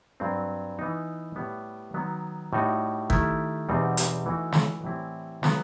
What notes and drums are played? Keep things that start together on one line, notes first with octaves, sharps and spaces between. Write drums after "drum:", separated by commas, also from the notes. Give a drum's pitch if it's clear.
G2 F#3 C4
E3 B3 D#4
A2 G3 B3
D#3 F#3 B3
A2 G3 D#4 F#4
D#3 A3 E4 G4, drum: kick
E2 B2 G3 C4 D#4
drum: hi-hat
E3 A3 D#4 F#4
drum: snare
A2 E3 G3 C4 E4
F#3 B3, drum: snare